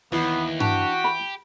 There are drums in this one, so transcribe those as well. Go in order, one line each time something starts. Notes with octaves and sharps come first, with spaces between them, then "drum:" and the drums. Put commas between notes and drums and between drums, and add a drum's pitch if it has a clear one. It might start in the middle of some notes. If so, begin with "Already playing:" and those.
D#2 E3 B3
D4 F#4 G4, drum: tom G2
B5